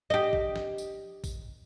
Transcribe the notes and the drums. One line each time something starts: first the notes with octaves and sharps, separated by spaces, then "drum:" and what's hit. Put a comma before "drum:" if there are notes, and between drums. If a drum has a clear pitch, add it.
G4 D#5
drum: kick A#1
drum: snare
drum: tambourine
drum: kick A#1, tambourine